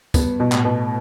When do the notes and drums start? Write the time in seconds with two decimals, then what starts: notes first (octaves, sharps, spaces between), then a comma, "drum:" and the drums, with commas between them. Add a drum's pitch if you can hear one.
0.14 G2 B3, drum: kick, tambourine
0.40 B2
0.52 A2, drum: clap
0.65 B2